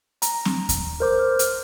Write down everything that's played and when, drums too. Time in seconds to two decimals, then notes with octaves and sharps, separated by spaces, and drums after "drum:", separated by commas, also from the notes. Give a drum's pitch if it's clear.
0.22 A#5, drum: hi-hat
0.45 drum: snare C4
0.69 drum: kick D#2, hi-hat
1.00 A#4 C5 D6
1.19 F6
1.39 drum: hi-hat